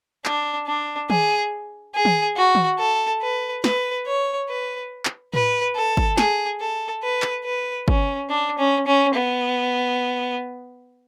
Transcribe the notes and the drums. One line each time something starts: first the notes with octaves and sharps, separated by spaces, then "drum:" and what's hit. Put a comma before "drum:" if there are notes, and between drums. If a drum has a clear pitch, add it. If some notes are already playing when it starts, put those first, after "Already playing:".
D4, drum: clap
D4
G#4, drum: tom D#3
G#4
drum: tom D#3
F#4
drum: tom D#3
A4
B4
B4, drum: snare
C#5
B4
drum: clap
B4, drum: tom A2
A4
drum: kick
G#4, drum: snare
A4
B4
drum: clap
B4
C#4, drum: kick
D4
C#4
C#4
B3